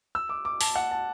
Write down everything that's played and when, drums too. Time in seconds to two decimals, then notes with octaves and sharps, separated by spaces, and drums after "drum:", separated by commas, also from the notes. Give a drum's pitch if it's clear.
0.15 E6
0.29 D6
0.45 D6
0.61 A5, drum: open hi-hat
0.76 F#5
0.91 A5